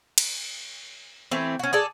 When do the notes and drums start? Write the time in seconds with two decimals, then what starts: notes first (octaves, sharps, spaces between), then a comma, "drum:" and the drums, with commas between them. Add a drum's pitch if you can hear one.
0.18 drum: cymbal
1.31 E3 A3 C4
1.59 C#4 F#4
1.73 G#4 A4 D5